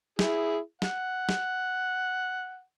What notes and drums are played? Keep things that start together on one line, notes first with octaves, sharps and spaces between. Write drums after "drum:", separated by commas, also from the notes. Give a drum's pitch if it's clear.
E4 G#4, drum: snare
F#5, drum: snare
drum: snare